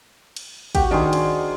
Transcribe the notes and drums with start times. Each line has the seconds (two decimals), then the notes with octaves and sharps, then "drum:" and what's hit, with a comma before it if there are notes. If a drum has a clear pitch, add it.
0.36 drum: cymbal
0.75 F#4 G4, drum: kick, cymbal
0.91 D#3 D4 G#4 C5
1.13 drum: cymbal